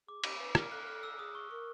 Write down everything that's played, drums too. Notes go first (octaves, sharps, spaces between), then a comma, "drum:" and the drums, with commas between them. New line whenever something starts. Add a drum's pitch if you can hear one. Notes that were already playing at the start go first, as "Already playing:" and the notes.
G#4 D6
G4 D6, drum: cymbal
B4
A#4 F6, drum: rim click
A4 F#6
A#4
A4 F6
E6
A4
G#4 D#6
C#6
A#4 C#6